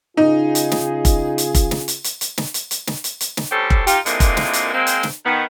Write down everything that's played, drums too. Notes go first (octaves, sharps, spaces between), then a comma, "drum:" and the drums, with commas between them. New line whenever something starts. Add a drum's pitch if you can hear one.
C#3 D#4 F4 G#4
drum: hi-hat
drum: snare
drum: kick F1, hi-hat
drum: hi-hat
drum: kick F1, hi-hat
drum: snare
drum: hi-hat
drum: hi-hat
drum: hi-hat
drum: snare
drum: hi-hat
drum: hi-hat
drum: snare
drum: hi-hat
drum: hi-hat
drum: snare
D2 G3 C#4 G4 A4 C5
drum: kick F1
D#4 F4 G4, drum: hi-hat
A#2 D3 E3 G#3 A#3 C4, drum: hi-hat
drum: kick F1, hi-hat
drum: snare
drum: hi-hat
G#3 A#3 C4
drum: hi-hat
drum: snare
D#3 B3